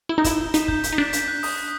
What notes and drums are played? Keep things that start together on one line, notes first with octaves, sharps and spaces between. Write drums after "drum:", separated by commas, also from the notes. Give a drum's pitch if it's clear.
E4 G7
D#4
E4 E7, drum: kick, hi-hat
G6
D#4 B6, drum: hi-hat
G6, drum: kick
B6, drum: hi-hat
D#4
D4 B6
B6, drum: hi-hat
F#6
D#6, drum: open hi-hat
B6